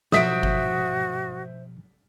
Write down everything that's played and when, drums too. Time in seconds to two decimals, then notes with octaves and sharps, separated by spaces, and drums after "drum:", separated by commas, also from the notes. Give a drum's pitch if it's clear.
0.12 B2 F3 F#4 C5 E5 D#6 B6 D7, drum: snare
0.43 drum: kick G1